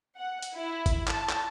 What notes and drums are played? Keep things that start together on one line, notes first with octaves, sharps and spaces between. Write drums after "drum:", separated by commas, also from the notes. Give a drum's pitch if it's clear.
F#5
drum: hi-hat
E4
drum: kick G1, hi-hat
A5, drum: clap
drum: clap